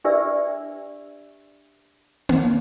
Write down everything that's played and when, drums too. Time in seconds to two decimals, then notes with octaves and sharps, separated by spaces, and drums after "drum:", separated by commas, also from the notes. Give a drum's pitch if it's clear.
0.04 D4 G4 B4 D5 E5 E6
2.29 drum: tom A#3